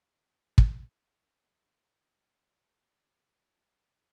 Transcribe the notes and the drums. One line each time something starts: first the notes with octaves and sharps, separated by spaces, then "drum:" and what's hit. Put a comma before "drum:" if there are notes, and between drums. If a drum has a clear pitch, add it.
G4 G#4 B4 E5 B5
drum: kick
B5 D6 D#6 F6 C#7
G#3 A3 B3 C#4
E5 D6 F#6 A6
A#1 D#3 F3
B1 G2 A#2 C4 F6
A#3 G#4 C#5 F#5 G5